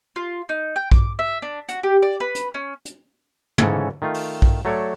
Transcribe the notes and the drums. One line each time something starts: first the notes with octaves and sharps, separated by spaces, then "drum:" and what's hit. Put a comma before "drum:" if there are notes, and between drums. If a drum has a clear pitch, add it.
F4
D#4
G5
D6, drum: kick A#1
E5
D4
F#4, drum: hi-hat
G4
D5
B4
drum: hi-hat
C#4
drum: hi-hat
G#2 C#3 E3 C#4 A4 C#5, drum: tom
D#3 A3 F4
drum: open hi-hat
drum: kick A#1
F#3 A3 A4 C#5 D5